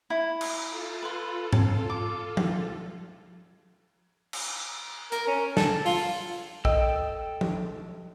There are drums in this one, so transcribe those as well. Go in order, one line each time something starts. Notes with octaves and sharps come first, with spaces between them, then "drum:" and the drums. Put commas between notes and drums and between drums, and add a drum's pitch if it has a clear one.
E4
drum: cymbal
F4 A4
B4 C6
A5, drum: tom G#2
D6
drum: tom
drum: cymbal
A#4, drum: hi-hat
C#4
A4, drum: snare
F4, drum: open hi-hat
A4 D#5 G5 E6, drum: kick
drum: tom